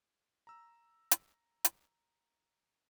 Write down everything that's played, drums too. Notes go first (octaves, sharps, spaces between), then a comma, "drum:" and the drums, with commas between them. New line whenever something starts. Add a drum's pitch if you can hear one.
A#5 E6
drum: hi-hat
drum: hi-hat